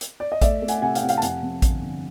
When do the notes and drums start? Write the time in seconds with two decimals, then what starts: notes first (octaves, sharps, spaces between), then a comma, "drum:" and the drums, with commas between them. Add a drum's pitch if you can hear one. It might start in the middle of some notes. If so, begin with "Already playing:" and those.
0.01 drum: hi-hat
0.20 D5
0.32 D#5
0.41 A3 D5 E5, drum: kick A1, hi-hat
0.62 A3
0.68 F#5 G#5, drum: hi-hat
0.81 C3 F#5 G#5
0.95 F5 G5, drum: hi-hat
1.02 C3 F#5
1.09 F5 G5, drum: hi-hat
1.17 A5
1.22 F2 F#5 G#5, drum: hi-hat
1.43 F2
1.62 G1, drum: kick A1, hi-hat
1.83 D3